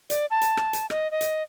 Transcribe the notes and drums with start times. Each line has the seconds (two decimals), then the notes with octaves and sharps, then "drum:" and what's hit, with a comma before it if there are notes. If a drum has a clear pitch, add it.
0.10 D5, drum: hi-hat
0.31 A5
0.41 drum: hi-hat
0.57 drum: rim click
0.73 drum: hi-hat
0.90 D#5, drum: rim click
1.11 D#5
1.21 drum: hi-hat